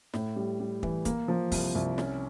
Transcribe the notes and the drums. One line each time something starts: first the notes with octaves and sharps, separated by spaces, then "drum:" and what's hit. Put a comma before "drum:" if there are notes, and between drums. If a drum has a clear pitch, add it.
A2, drum: snare
G3
G3
E3, drum: kick
A#3, drum: kick, hi-hat
F3
C2, drum: kick, open hi-hat
C2
C#4, drum: snare